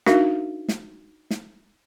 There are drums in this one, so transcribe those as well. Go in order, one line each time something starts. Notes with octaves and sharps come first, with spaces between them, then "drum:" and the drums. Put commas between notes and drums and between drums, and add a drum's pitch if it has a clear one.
D4 D#4 F#4 A#4 E5 F5, drum: snare
drum: snare
drum: snare